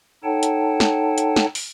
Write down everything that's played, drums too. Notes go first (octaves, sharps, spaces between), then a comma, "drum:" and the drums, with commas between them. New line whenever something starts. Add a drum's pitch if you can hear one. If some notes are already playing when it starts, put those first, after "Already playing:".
D#4 A4 C#5 F#5 G5 A5
drum: hi-hat
drum: snare
drum: hi-hat
drum: snare
drum: open hi-hat